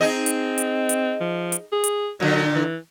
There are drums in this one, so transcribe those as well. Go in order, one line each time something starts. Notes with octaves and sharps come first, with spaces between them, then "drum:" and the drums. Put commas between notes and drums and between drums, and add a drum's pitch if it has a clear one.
C4 D#4 G#4 D#5
drum: hi-hat
drum: hi-hat
drum: hi-hat
F3
drum: hi-hat
G#4
drum: hi-hat
A#2 D3 F#3
E3